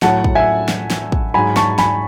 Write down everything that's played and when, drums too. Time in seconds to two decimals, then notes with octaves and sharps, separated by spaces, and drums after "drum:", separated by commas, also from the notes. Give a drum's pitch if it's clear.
0.02 A2 F#3 F#5 A5, drum: snare
0.24 drum: kick
0.35 E5 G#5
0.68 drum: snare
0.90 drum: snare
1.12 drum: kick
1.34 G#2 F#3 G#5 B5
1.56 A5 C#6, drum: snare
1.78 G#5 B5, drum: snare